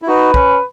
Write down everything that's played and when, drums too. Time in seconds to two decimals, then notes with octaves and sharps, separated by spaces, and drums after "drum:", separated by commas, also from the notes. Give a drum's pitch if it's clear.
0.02 E4
0.07 D#4 F#4 B4
0.34 C#4, drum: kick